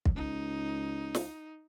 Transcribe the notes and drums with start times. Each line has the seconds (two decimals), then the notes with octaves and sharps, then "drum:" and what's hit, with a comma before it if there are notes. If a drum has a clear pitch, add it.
0.05 drum: kick
0.15 C#2 D#4
1.15 drum: snare